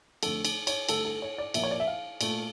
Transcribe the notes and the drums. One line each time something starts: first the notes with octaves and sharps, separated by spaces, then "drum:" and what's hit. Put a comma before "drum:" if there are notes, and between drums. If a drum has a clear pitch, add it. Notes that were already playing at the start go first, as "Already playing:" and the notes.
F2 D3 A3 A4, drum: cymbal
drum: cymbal
C#5, drum: cymbal
G2 D3 A3 A4, drum: cymbal
A4
C#5
D5
A#2 F3 A#3 E5, drum: cymbal
C#5
D5
E5
F5
A#2 A3, drum: cymbal